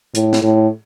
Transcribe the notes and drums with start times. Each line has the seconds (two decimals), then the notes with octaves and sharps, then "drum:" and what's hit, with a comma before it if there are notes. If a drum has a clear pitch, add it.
0.15 A2, drum: hi-hat
0.33 drum: snare
0.43 A2